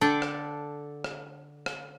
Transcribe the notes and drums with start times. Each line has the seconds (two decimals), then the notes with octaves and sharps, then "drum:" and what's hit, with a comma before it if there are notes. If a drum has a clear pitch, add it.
0.01 D3 D4 A4 D5 G5
0.22 drum: rim click
1.04 drum: rim click
1.66 drum: rim click